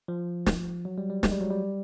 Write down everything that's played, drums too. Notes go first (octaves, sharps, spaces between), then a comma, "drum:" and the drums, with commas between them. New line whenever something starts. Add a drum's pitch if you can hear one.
F3
drum: snare
F#3
G3
G3
G#3, drum: snare
G3
F#3
G3